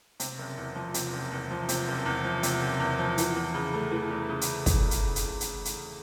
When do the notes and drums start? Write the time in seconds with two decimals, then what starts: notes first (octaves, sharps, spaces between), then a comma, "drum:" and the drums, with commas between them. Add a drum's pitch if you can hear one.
0.20 C3, drum: hi-hat
0.39 F#1
0.58 E2
0.76 F3
0.94 C3, drum: hi-hat
1.13 F#1
1.32 E2
1.51 F3
1.69 C3, drum: hi-hat
1.88 F#1
2.06 E2
2.24 F3
2.43 C3, drum: hi-hat
2.62 F#1
2.80 E2
2.99 F3
3.18 E3, drum: hi-hat
3.36 E2
3.54 C#3
3.74 A3
3.92 E3
4.11 E2
4.29 C#3
4.41 drum: hi-hat
4.66 drum: kick, hi-hat
4.91 drum: hi-hat
5.16 drum: hi-hat
5.41 drum: hi-hat
5.65 drum: hi-hat